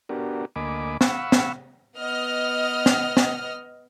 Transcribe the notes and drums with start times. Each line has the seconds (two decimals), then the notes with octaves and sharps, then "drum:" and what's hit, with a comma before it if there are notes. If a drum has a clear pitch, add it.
0.09 B3 D4 F#4 G4 A#4
0.56 D2 A#3 D#5 G#5 B5 D6
1.01 F5 F#5 B5 C#6 E6, drum: snare
1.32 drum: snare
1.99 B3 D#5 F6
2.86 drum: snare
3.17 drum: snare